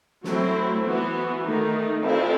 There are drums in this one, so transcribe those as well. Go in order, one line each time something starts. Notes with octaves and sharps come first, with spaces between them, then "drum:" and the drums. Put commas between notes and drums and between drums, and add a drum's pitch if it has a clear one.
F#3 A3 C4 E4, drum: snare
E3 B3 F#4
D#3 A3 D#4
C4 E4 A4, drum: cymbal